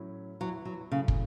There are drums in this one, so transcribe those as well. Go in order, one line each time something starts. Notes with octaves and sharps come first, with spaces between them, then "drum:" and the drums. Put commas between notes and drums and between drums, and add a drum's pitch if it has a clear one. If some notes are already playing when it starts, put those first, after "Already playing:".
Already playing: A2 F#3 C#4 E4
E2 E3 F#3 B3 E4
F#3
A2 C#3 F#3 A3 E4
drum: kick